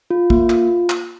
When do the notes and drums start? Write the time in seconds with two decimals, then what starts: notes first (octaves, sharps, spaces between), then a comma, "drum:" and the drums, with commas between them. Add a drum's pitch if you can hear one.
0.10 F4
0.30 A#3, drum: kick
0.50 F4, drum: clap
0.90 drum: clap